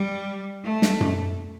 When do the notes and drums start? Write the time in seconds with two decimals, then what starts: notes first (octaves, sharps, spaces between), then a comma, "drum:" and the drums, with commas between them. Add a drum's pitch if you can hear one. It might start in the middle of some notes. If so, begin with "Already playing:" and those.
Already playing: G3
0.64 A3
0.82 drum: snare
1.01 drum: tom F#2